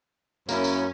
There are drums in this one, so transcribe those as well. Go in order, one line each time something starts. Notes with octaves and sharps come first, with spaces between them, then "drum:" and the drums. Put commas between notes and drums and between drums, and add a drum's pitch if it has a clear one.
F#2 A#3 C#4 E4, drum: tambourine
drum: tambourine